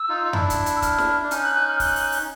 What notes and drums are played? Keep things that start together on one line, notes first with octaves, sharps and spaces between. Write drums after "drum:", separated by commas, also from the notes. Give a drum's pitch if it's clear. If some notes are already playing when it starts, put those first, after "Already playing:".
Already playing: E6
D#4 F4
D#4
D4 E4, drum: tom F2
drum: kick, hi-hat
drum: hi-hat
E6
F6, drum: kick, hi-hat
drum: snare
D4
C#4 D#4 F6, drum: hi-hat
F#6
F#6
F6
F#6, drum: kick, open hi-hat
drum: open hi-hat
drum: open hi-hat